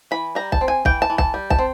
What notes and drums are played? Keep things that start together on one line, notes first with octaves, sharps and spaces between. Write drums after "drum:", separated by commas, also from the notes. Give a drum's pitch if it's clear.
E3 B5
G3 A#5
A5, drum: kick B1
C4
G#5
E3 G5, drum: kick B1
A5
E3
A5, drum: kick B1
G3
A5, drum: kick B1
C4